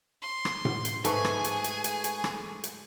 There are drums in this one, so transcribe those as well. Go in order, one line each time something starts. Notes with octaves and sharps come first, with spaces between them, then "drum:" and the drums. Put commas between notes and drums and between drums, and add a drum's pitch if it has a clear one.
C6
drum: rim click
drum: tom A2
drum: hi-hat
G#2 A3 G#4 A4 B4 G#5 C#6, drum: hi-hat
drum: rim click
drum: hi-hat
drum: hi-hat
drum: hi-hat
drum: hi-hat
drum: rim click
drum: hi-hat